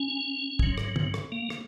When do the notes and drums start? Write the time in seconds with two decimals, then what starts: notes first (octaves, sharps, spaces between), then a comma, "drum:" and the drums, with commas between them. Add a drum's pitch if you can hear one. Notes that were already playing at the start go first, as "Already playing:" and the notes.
Already playing: C#4
0.59 G#2 F#3, drum: kick
0.78 drum: rim click
0.96 drum: tom
1.14 drum: rim click
1.32 A#3
1.50 drum: rim click